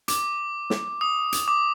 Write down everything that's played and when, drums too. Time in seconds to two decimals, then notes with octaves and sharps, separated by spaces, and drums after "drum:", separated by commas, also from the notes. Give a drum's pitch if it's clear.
0.08 D6, drum: hi-hat
0.70 drum: snare
1.01 D#6
1.32 drum: hi-hat
1.48 D6